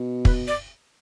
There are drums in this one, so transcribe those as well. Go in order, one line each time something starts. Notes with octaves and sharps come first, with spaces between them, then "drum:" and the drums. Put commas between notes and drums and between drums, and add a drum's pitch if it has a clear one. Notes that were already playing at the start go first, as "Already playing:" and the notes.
Already playing: B2
B4, drum: kick
D5